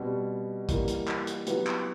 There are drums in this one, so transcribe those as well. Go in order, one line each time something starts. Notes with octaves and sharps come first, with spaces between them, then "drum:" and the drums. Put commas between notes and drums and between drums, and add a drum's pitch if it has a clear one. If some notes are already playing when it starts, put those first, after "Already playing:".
Already playing: B2 G3 C4
E3 G3 A#3, drum: kick, hi-hat
drum: hi-hat
drum: clap
drum: hi-hat
F#3 B3 E4 G4 B4, drum: hi-hat
drum: clap